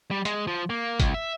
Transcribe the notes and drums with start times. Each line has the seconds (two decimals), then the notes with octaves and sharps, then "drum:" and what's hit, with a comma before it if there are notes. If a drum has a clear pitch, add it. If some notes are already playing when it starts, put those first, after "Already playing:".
0.11 G3
0.25 G#3, drum: hi-hat
0.47 F3
0.70 A#3
1.00 C#2, drum: kick, hi-hat
1.14 E5